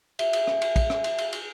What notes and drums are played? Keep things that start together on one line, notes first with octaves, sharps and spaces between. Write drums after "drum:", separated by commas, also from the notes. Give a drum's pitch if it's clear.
E5, drum: cymbal
drum: cymbal
drum: rim click
drum: cymbal
drum: kick, cymbal
drum: rim click
drum: cymbal
drum: cymbal
drum: cymbal